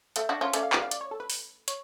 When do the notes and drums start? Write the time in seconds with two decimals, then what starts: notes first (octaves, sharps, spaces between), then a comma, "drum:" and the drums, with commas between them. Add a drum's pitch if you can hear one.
0.16 A3 A4, drum: hi-hat
0.29 D4 F#4
0.41 C#4 F4
0.53 A3 C#4 D5, drum: hi-hat
0.63 F5
0.73 D5, drum: clap
0.82 F5
0.91 D5, drum: hi-hat
1.01 C#5
1.11 A4
1.20 B4
1.30 drum: open hi-hat
1.68 C#5, drum: hi-hat